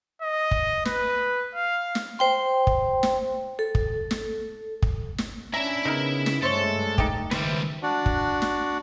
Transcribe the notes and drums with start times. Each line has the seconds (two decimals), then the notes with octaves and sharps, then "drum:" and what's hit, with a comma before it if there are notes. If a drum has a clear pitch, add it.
0.22 D#5
0.51 drum: kick
0.85 B4, drum: snare
1.55 F5
1.95 drum: snare
2.19 C5 G5 C6
2.67 drum: kick
3.03 drum: snare
3.59 A4
3.75 drum: kick
4.11 drum: snare
4.82 drum: kick
5.18 drum: snare
5.54 C#4 D4 E4 E5 A#5
5.85 C#3 B3 D#4 A#4
6.26 drum: snare
6.43 G2 G#3 A3 A4 C5 C#5 E5
6.98 D#4 G4, drum: kick
7.31 C#2 D#3 G3 B4 C5 E5, drum: snare
7.82 D4 F#4
8.06 drum: kick
8.42 drum: snare